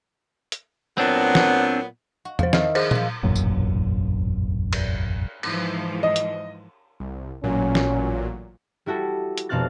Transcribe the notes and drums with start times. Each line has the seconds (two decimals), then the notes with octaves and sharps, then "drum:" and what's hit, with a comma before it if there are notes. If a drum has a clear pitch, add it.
0.52 drum: hi-hat
0.98 A#2 F#3 B3 C4 D4
1.35 drum: snare
2.25 F#4
2.39 F3 C5 F5, drum: tom E2
2.53 D#3 E4 D#5 F6, drum: snare
2.75 G#4 C5, drum: cymbal
2.91 F3 F4, drum: tom A#2
3.23 E1 A1 F#2 A#2
3.36 drum: tambourine
4.73 drum: cymbal
5.43 G#2 E3 F3, drum: cymbal
6.03 D#5
6.16 drum: hi-hat
7.00 C2
7.44 A1 A#2 F#3 C#4
7.75 drum: snare
8.86 G3 E4 F#4 A4
9.38 drum: hi-hat
9.49 F1 B2 C4 F5 F#6 A6